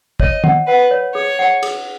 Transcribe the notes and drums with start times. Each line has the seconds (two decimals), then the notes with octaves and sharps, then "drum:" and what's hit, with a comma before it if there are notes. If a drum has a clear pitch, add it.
0.20 C#5 D#5, drum: kick
0.44 F#5, drum: tom
0.67 B4 F#5
0.91 C#5
1.15 G#4 C#5
1.39 F#5
1.63 G#4, drum: cymbal